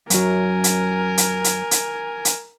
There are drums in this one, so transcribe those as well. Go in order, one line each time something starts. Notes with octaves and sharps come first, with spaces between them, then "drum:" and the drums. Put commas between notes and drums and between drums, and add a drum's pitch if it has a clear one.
F#2 F#3 A#4 G#5, drum: hi-hat
drum: hi-hat
drum: hi-hat
drum: hi-hat
drum: hi-hat
drum: hi-hat